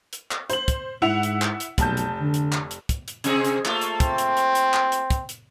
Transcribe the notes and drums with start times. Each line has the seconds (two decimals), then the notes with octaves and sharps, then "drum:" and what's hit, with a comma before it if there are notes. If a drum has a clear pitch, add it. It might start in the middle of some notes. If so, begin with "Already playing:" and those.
0.13 drum: hi-hat
0.31 drum: clap
0.50 C5 F#7, drum: hi-hat
0.68 drum: kick, hi-hat
1.02 G#2 E4 F#5 F7
1.23 drum: hi-hat
1.42 drum: clap
1.60 drum: hi-hat
1.78 F1 B1 A5 G6, drum: kick, hi-hat
1.97 drum: hi-hat
2.21 D3
2.34 drum: hi-hat
2.52 drum: clap
2.71 drum: hi-hat
2.89 drum: kick, hi-hat
3.08 drum: hi-hat
3.24 C3 C4 G#4, drum: hi-hat
3.45 drum: hi-hat
3.65 A3 A#3 F4, drum: clap
3.81 drum: hi-hat
4.00 C4, drum: kick, hi-hat
4.18 drum: hi-hat
4.37 drum: hi-hat
4.55 drum: hi-hat
4.74 drum: clap
4.92 drum: hi-hat
5.10 drum: kick, hi-hat
5.29 drum: hi-hat